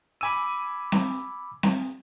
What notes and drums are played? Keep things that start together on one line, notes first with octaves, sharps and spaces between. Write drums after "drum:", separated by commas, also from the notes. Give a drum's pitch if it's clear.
G#5 B5 D6 E6 D#7
drum: snare C4
drum: snare C4